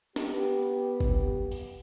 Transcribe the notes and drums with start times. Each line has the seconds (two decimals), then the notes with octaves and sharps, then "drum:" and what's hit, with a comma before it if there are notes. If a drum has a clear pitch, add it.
0.16 B3 G4, drum: snare
1.00 drum: kick G1
1.51 drum: open hi-hat